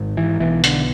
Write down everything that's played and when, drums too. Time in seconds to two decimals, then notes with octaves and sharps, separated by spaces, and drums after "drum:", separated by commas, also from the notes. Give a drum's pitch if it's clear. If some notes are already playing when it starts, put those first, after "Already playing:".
Already playing: G#1 G#2
0.17 E3
0.40 B1 B2 E3
0.64 D3, drum: hi-hat